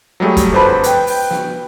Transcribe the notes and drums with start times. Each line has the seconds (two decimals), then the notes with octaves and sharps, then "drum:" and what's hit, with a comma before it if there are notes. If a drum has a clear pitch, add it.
0.20 F#3 G3 A3 G#4
0.37 drum: kick, hi-hat
0.52 G1 F2 B4 C5 A5 B5
0.84 B4 G5, drum: hi-hat
1.07 drum: open hi-hat
1.30 drum: snare